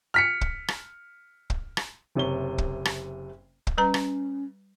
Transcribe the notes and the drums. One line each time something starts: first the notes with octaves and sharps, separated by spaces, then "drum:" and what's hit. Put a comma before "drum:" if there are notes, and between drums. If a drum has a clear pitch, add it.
F6 B6 C#7
drum: kick
drum: rim click
drum: kick
drum: rim click
F#1 C3 C#5 G7
drum: kick
drum: rim click
drum: kick
G3 C#4 B4 A#5
drum: rim click